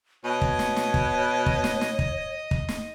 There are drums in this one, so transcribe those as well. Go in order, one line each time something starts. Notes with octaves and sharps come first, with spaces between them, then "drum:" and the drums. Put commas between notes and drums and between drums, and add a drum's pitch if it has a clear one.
B2 C#5 D#5
drum: kick
drum: snare
drum: snare
drum: kick
drum: kick
drum: snare
drum: snare
drum: kick
drum: kick
drum: snare